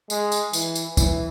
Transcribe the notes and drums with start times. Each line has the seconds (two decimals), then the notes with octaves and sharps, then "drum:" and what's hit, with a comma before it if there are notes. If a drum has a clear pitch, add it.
0.10 G#3, drum: tambourine
0.32 drum: tambourine
0.53 E3, drum: tambourine
0.76 drum: tambourine
0.97 E3, drum: kick, tambourine